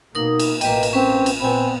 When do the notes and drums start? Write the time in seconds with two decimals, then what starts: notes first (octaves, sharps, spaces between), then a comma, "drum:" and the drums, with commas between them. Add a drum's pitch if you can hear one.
0.15 B2 A#3 D#4 A#4 D#6
0.39 drum: cymbal
0.61 A1 A#3 B4 D#5 G5, drum: cymbal
0.83 drum: cymbal
0.93 C4 C#4 B4
1.26 drum: cymbal
1.40 A#2 B3 C4 G#5 B5